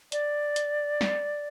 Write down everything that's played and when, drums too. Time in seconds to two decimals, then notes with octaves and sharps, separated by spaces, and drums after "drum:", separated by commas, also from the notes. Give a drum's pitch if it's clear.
0.12 D5, drum: hi-hat
0.56 drum: hi-hat
1.01 drum: snare